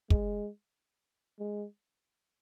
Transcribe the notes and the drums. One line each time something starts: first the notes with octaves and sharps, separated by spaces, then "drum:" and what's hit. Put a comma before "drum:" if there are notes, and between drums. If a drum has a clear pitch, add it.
G#3, drum: kick
G#3